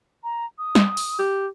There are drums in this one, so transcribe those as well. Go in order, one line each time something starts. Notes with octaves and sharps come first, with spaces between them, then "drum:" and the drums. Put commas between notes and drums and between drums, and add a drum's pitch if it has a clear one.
A#5
D#6
drum: snare G3
drum: open hi-hat
G4